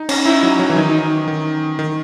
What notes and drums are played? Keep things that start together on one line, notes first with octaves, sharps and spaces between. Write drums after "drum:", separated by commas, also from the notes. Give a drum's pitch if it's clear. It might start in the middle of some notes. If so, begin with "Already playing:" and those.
Already playing: D#4
C#4, drum: cymbal
D#4 E4
F#3
F#3
E3
D#3 D#4
D#3
D#3